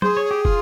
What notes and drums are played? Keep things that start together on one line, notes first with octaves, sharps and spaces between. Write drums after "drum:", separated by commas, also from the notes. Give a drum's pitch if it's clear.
G#4 C5, drum: tom
C#5
G4
F4, drum: kick